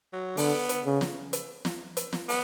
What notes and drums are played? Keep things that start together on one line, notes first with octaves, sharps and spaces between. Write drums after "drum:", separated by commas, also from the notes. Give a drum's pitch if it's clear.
F#3
D3 B3, drum: open hi-hat
drum: hi-hat
C#3
drum: snare
drum: hi-hat
drum: snare
drum: hi-hat
drum: snare
B3, drum: open hi-hat